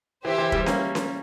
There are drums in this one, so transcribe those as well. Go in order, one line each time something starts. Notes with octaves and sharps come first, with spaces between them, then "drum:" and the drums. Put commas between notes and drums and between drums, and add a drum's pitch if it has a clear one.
E3 G4 C5 E5
E3
E3 G3, drum: kick
A#3 C#4, drum: snare C#4
drum: snare C#4